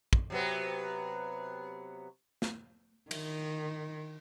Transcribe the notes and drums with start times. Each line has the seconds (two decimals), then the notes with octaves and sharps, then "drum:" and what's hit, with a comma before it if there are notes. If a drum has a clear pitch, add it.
0.13 drum: kick
0.30 C3 F#3 B3
2.42 drum: snare
3.11 D#3, drum: cymbal